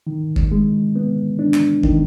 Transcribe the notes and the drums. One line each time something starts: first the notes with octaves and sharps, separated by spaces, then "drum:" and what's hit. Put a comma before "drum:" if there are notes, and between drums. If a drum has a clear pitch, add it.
D#3
drum: kick F#1
G#3
B3
D4
drum: clap
D#3, drum: kick F#1